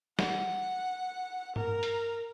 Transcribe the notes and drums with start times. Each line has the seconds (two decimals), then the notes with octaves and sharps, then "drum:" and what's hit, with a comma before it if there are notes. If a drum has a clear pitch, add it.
0.19 F#5, drum: snare
1.56 A#4, drum: tom G2
1.83 drum: hi-hat